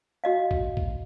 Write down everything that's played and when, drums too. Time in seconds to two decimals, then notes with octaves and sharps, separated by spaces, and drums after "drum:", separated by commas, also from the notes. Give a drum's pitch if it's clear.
0.24 F#4 D#5 F5
0.51 drum: kick
0.77 drum: kick